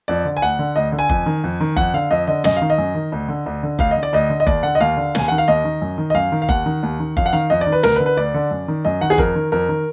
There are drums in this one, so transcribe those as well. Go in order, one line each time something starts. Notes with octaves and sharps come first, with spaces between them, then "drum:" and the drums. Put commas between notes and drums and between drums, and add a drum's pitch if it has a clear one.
F2 D5
D3
G#5
D2 F#5
D3
D2 D#5
D3
G#5
F2, drum: kick F#1
D#3
F2
D#3
F2 F#5, drum: kick F#1
D3 F5
F2 D#5
D3 D#5
F#2 D#5, drum: snare
F5
D#3
D#5
F#2
D#3
D2
D3
D2
D3
D2 F5, drum: kick F#1
D#5
D3
D5
D2 D#5
D3
D#5
D#2 D5, drum: kick F#1
D3 F#5
D#5
D#2 F5
D3
D#2 G#5, drum: snare
D#3 F#5
F5
D#2 D#5
D#3
F#2
D#3
D#5
F#2 F5
D#3
F5
D#2 F#5, drum: kick F#1
D#3
D#2
D#3
F2 F5, drum: kick F#1
F#5
D#3 F5
F2 D#5
D5
D#3
B4
D2 A#4, drum: snare
B4
D3
B4
D2 D5
D3
F#2
D#3
F#2 D#5
D#3 F#5
G#4
F2 A#4, drum: kick F#1
D#3
F2 A#4
D#3